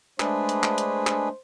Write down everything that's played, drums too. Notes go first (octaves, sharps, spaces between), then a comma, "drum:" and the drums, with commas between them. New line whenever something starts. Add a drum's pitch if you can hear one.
G#3 A3 D4 G#4 B4 C5, drum: clap
drum: hi-hat
drum: clap
drum: hi-hat
drum: clap